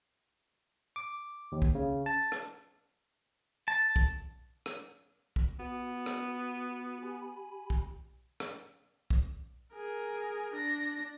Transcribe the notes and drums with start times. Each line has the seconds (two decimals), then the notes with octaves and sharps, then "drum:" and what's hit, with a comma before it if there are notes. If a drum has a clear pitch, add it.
0.96 D6
1.52 D#2
1.62 drum: kick
1.75 C#3
2.06 A5
2.32 drum: rim click
3.68 A5
3.96 drum: kick
4.66 drum: rim click
5.36 drum: kick
5.60 B3 F#4
6.06 drum: rim click
7.03 G4 G#5 B5
7.70 drum: kick
8.40 drum: rim click
9.10 drum: kick
9.75 G#4 A#4
10.54 D4 A#6